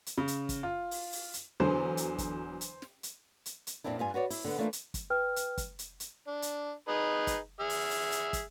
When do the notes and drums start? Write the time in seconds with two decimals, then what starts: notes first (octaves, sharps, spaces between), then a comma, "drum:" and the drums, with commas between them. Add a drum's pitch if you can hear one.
0.06 drum: hi-hat
0.18 C#3
0.28 drum: hi-hat
0.49 drum: kick, hi-hat
0.63 F4
0.91 drum: open hi-hat
1.12 drum: open hi-hat
1.34 drum: hi-hat
1.60 E2 D3 F#3 C5
1.97 drum: hi-hat
2.18 drum: kick, hi-hat
2.61 drum: hi-hat
2.82 drum: snare
3.03 drum: hi-hat
3.46 drum: hi-hat
3.67 drum: hi-hat
3.84 F2 A#2 C4 D4 E4
3.99 G2 F4 G#5
4.14 F#4 B4 C#5 D5
4.30 E4, drum: open hi-hat
4.44 D3 B3
4.58 E3 A3 A#3 D4 F4
4.73 drum: hi-hat
4.94 drum: kick, hi-hat
5.10 B4 G5 F6
5.36 drum: hi-hat
5.58 drum: kick, hi-hat
5.79 drum: hi-hat
6.00 drum: hi-hat
6.27 D4
6.42 drum: hi-hat
6.88 D#4 G#4 B4
7.27 drum: kick, hi-hat
7.60 G#4 E5 F6
7.69 drum: open hi-hat
7.91 drum: open hi-hat
8.12 drum: hi-hat
8.33 drum: kick, hi-hat